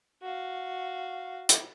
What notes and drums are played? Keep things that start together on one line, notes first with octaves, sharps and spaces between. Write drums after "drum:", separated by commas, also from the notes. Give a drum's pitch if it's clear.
F#4 F5
drum: hi-hat